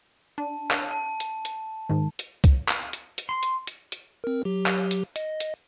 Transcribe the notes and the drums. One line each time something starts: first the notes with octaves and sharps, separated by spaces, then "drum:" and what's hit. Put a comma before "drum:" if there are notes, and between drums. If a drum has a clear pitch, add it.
D4 A5
drum: clap
A5
drum: hi-hat
drum: hi-hat
G#2 D#3
drum: hi-hat
drum: kick C2, hi-hat
drum: clap
drum: hi-hat
drum: hi-hat
C6
drum: hi-hat
drum: hi-hat
drum: hi-hat
C4 A#4
F#3 G4
drum: clap
drum: hi-hat
D#5, drum: hi-hat
drum: hi-hat